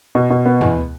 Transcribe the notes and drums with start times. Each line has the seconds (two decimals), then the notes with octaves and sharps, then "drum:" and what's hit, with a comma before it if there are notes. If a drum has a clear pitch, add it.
0.15 B2
0.30 B2
0.46 B3
0.61 E2, drum: tom